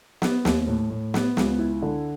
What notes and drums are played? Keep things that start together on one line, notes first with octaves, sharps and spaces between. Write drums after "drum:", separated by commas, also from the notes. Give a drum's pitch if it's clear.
B3, drum: snare
D#2, drum: snare
A2
A2
B3, drum: snare
C#2, drum: snare
E4
D3